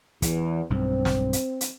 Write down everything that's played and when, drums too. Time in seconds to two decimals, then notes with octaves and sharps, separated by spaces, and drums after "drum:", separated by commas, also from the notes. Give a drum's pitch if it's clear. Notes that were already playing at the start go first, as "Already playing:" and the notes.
0.22 E2 E3, drum: kick, hi-hat
0.70 B1 G2 C4
1.05 drum: snare
1.33 drum: hi-hat
1.61 drum: hi-hat